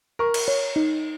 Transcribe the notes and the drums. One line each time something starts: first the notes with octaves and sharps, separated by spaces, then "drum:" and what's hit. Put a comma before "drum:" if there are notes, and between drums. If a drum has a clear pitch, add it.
A#4 C#6
drum: cymbal
C#5
D#4